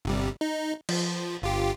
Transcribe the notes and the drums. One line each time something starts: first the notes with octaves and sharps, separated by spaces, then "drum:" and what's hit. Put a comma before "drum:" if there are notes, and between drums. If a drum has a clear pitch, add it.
G1 C3 G3
D#4
F3, drum: cymbal
G1 F4 G4